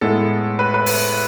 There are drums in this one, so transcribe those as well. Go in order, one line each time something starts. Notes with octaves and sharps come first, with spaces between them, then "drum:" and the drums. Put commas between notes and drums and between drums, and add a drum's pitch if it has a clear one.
A2 G#3 B3 E4 A4
B4
B4
drum: open hi-hat